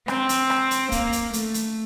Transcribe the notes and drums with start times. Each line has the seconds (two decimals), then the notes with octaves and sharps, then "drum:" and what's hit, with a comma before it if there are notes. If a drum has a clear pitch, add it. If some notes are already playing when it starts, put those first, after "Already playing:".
0.08 C4, drum: rim click
0.29 drum: hi-hat
0.50 drum: rim click
0.71 drum: hi-hat
0.92 A#3, drum: kick, hi-hat
1.13 drum: hi-hat
1.33 A3, drum: hi-hat
1.54 drum: hi-hat